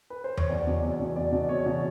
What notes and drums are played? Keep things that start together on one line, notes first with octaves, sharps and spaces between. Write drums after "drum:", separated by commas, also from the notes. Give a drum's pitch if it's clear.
B4
C5
C#5, drum: tom E2
E2 D5
B2
E2
B2
E2 D5
B2
E2 C#5
B2